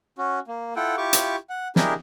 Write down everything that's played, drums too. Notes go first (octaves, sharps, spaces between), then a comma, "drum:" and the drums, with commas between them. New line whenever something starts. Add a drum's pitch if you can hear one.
C#4 F#4
A#3
E4 F4 A4 F#5 G5
E4 F4 G4 C#6 D6
drum: hi-hat
F#5
D4 E4 G4 G#4 A#4 D#5, drum: snare